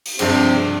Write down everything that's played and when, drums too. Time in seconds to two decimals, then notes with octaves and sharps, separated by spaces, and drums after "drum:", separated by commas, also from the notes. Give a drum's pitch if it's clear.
0.06 drum: open hi-hat
0.19 G2 C3 F3 C4 D4, drum: cymbal